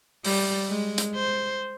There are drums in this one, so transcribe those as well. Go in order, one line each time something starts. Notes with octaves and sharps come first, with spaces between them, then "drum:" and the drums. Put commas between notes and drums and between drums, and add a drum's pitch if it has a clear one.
G3, drum: open hi-hat
G#3
drum: hi-hat
C5